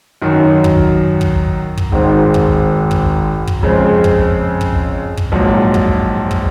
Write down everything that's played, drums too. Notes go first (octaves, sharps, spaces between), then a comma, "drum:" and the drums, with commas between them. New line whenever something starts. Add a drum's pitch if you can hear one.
F#2 D#3 F#3
drum: kick
drum: kick
drum: kick
G#1 G#2 D#3 G#3 C4
drum: kick
drum: kick
drum: kick
F2 C#3 G#3 C4
drum: kick
drum: kick
drum: kick
A#1 G#2 F#3
drum: kick
drum: kick